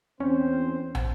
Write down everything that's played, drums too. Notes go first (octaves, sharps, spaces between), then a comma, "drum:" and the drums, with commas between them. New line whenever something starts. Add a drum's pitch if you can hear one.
E2 C4 C#4 C5
drum: tom